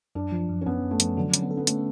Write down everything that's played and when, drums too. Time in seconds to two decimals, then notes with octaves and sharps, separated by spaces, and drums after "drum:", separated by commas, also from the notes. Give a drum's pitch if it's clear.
0.15 F#2 D4
0.32 F3
0.49 F#2
0.61 C#4
0.66 F#2 B3
0.83 F#2
0.91 A3
1.00 F3, drum: hi-hat
1.17 D3 F#3
1.34 C#4, drum: hi-hat
1.42 B3
1.51 A4
1.57 B3
1.67 A3 C#4, drum: hi-hat